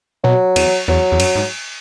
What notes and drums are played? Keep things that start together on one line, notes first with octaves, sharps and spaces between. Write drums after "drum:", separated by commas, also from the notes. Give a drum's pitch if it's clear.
B2 F#3
E2, drum: cymbal
E2 F#3
E2
F#2, drum: cymbal
G#2